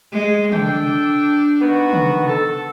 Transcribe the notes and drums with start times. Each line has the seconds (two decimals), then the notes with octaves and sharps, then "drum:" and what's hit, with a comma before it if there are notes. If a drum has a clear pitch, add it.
0.12 G#3
0.52 D4 A4 G5, drum: tom
1.59 D#3 B3 F#4
1.93 drum: tom
2.27 A4